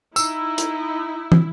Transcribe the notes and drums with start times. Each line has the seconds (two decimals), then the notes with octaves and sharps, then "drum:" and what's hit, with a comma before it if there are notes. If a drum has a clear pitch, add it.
0.16 D#4 E4 E6, drum: tambourine
0.58 drum: hi-hat
1.32 drum: tom